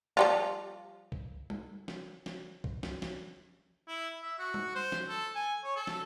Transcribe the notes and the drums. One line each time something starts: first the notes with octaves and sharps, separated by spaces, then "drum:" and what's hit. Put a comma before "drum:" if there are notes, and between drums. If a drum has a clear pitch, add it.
F3 G3 F4
drum: kick B1
drum: tom G3
drum: snare
drum: snare
drum: kick B1
drum: snare
drum: snare
E4
E5
F#4
drum: tom G3
C5
drum: snare
A4
G#5
C#5
A4
drum: snare